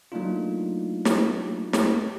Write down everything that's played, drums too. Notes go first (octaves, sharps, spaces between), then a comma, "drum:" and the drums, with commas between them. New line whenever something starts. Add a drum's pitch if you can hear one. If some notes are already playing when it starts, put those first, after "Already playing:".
F#3 A3 A#3 D4 D#4 F4
drum: snare
drum: snare